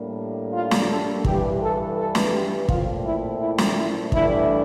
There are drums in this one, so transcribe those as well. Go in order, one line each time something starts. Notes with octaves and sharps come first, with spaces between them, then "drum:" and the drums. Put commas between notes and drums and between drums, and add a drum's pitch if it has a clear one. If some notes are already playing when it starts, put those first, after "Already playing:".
Already playing: A2 G3 A#3 D4
F4
drum: snare
A4
G2 E3 G3 G4, drum: kick
A4
A4
drum: snare
G4
A#2 A3 C4 F4, drum: kick
E4
E4
drum: snare
E4
G2 E3 A3 D4 E4, drum: kick